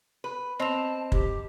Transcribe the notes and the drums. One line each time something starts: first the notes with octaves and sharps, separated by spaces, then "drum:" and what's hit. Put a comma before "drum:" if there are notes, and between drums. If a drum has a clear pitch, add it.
B4
C4 D#5 A5 F7
G4, drum: kick